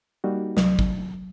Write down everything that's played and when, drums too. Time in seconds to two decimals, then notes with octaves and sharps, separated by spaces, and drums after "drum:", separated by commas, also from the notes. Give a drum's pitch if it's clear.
0.24 G3 A#3 D#4 F#4
0.57 C2 F#3, drum: snare
0.79 drum: kick